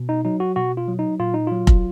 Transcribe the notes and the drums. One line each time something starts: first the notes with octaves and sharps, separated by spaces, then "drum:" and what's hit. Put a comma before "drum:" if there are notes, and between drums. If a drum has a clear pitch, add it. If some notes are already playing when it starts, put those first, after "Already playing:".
Already playing: B2
D#4
F#3 D#4
F#4
B2 F#4
F4
F#3
D#4
A#2 F4
D#4
F#3 F4
drum: kick F1